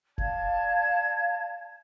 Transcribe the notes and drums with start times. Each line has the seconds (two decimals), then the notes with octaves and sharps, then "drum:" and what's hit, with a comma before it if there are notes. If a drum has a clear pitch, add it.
0.18 D5 F5 A5 G#6, drum: kick F1